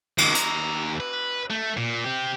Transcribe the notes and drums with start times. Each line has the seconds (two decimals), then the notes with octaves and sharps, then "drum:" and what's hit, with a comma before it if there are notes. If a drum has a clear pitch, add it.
0.18 C#2 D#3, drum: cymbal
0.35 D#2 A#5, drum: hi-hat
1.00 B4
1.51 A3
1.77 A#2
2.04 C4 G4